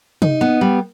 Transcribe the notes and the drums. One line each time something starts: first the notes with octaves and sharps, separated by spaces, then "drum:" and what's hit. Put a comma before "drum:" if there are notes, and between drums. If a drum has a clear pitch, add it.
D#4, drum: tom
B3
G3